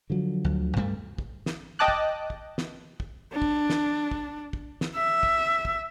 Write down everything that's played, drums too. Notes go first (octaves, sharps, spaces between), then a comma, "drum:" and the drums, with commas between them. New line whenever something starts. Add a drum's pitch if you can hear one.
D3 F3 F#3
D2
G2 G3 A3, drum: kick
drum: kick
drum: snare
D#5 G5 A5 D6 F#6
drum: kick
drum: kick
drum: snare
drum: kick
D4
drum: kick
drum: snare
drum: kick
drum: kick
drum: snare
E5
drum: kick
drum: kick